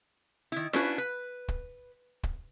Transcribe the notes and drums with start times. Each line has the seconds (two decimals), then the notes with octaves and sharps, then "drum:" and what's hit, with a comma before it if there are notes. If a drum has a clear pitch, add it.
0.52 D#3 E4
0.73 C#4 D4 E4 F#4 B4, drum: snare F4
0.98 B4
1.48 drum: kick
2.23 drum: kick